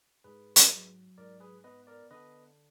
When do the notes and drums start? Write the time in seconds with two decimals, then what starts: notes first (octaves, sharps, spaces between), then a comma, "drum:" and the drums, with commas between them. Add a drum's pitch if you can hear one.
0.24 G#2 G#4 B4
0.56 drum: hi-hat
0.71 F#3
1.18 G#2 A#4 D5
1.40 G#4 B4
1.64 B3 B4 D#5
1.87 A#4 D5
2.11 D3 B4 D#5